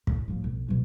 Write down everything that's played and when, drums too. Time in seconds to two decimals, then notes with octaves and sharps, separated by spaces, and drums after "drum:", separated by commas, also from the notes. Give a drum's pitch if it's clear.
0.07 A1, drum: kick
0.28 A2 F3
0.44 B1
0.68 B2 F#3